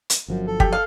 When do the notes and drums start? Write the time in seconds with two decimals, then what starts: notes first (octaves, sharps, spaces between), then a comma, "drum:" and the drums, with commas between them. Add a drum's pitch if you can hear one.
0.10 drum: hi-hat
0.28 G1 F#2 F3 F#3
0.47 A4
0.60 G4, drum: kick G1
0.73 F5